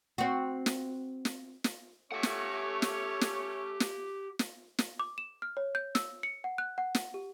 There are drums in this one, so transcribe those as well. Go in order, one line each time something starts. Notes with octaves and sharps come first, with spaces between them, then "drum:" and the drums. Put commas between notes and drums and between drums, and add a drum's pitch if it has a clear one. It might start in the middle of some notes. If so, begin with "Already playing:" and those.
C4 F#4
drum: snare
drum: snare
drum: snare
A3 C#4 G4 C#5 F#5
drum: snare
drum: snare
drum: snare
drum: snare
drum: snare
drum: snare
D6
E7
F6
C#5
G6
E6, drum: snare
C#7
F#5
F#6
F#5
drum: snare
G4